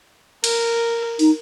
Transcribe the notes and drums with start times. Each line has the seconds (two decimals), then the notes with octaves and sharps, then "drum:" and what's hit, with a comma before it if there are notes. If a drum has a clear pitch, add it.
0.44 A#4, drum: cymbal
1.19 D#4, drum: open hi-hat